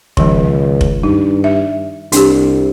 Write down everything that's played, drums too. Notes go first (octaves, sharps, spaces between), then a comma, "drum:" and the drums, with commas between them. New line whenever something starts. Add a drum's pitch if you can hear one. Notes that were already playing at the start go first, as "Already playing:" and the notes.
C#2 D#3 F3, drum: kick F1
drum: kick F1
G2 D#4
E5
C2 D4 G4, drum: hi-hat